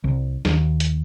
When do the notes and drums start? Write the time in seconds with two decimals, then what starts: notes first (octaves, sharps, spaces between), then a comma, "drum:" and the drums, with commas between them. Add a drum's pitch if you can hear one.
0.04 C2
0.45 D#2, drum: snare
0.80 drum: hi-hat